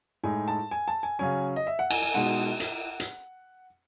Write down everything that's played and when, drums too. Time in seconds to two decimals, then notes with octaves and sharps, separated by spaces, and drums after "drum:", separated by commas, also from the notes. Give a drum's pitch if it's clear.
0.24 A2 G#3 D#4 G#5
0.48 A5
0.71 G#5
0.88 A5
1.03 G#5
1.19 C#3 F#3 C#4 G#5
1.56 D#5
1.67 E5
1.79 F#5
1.91 G#5, drum: cymbal
2.02 G#5
2.14 B2 G#3 D#4 F#5
2.60 drum: hi-hat
3.00 drum: hi-hat